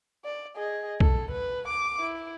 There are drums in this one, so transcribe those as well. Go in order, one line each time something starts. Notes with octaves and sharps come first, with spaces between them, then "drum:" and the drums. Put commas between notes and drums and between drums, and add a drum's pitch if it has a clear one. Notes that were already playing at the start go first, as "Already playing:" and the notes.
D5
G#4 D#5
A4, drum: kick
B4
D6
E4